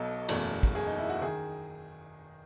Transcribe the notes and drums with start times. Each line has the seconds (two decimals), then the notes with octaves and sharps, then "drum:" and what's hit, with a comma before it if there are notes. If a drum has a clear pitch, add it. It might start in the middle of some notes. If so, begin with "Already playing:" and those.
Already playing: B1 B2 F#3 A4 D#5
0.29 F#1 E2 B2 F#3 A3, drum: cymbal
0.63 drum: kick
0.75 G#4
0.87 D#4
0.98 E4
1.10 F#4
1.21 D#3 G#4